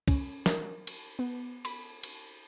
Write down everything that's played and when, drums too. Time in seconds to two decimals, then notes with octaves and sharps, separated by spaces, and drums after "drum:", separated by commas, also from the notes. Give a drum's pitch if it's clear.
0.08 C#4, drum: kick, cymbal
0.46 A#4, drum: snare
0.87 drum: cymbal
1.19 B3
1.65 B5, drum: cymbal
2.03 drum: cymbal